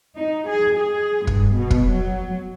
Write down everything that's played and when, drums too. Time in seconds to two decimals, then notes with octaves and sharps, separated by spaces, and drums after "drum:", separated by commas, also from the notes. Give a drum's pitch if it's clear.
0.15 D#4
0.48 G#4
0.77 G#4
1.27 G2, drum: kick
1.56 B2
1.71 drum: kick
1.92 F#3